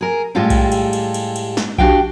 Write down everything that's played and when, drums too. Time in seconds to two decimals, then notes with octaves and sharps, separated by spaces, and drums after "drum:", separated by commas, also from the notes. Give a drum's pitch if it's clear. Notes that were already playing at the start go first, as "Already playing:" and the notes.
0.01 G#4 A#4
0.35 A2 G3 G#3 F4 G4 A4
0.50 drum: kick B1, cymbal
0.72 drum: cymbal
0.93 drum: cymbal
1.14 drum: cymbal
1.36 drum: cymbal
1.57 drum: snare
1.78 D4 F#4 G4 F5 G5, drum: kick B1